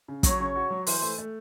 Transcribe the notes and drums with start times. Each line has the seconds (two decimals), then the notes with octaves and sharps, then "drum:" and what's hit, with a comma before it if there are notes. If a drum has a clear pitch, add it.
0.08 C#3
0.23 F#3 C#5, drum: kick, hi-hat
0.40 C#3
0.56 F#4
0.71 F#3
0.87 E3 C5, drum: open hi-hat
1.02 A3
1.18 A3